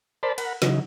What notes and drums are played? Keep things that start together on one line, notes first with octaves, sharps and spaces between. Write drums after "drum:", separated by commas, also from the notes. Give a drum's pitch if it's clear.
A#4 C5 D5 A5 B5
A#4 F#5 B5, drum: cymbal
C#3 E3 F#3 D#4, drum: snare